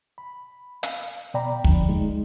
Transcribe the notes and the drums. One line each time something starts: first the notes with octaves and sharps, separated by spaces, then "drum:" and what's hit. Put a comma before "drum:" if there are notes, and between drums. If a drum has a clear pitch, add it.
B5
F5, drum: hi-hat
B2 D5 G5 A#5 B5
D3 F3, drum: kick
G#3 D#4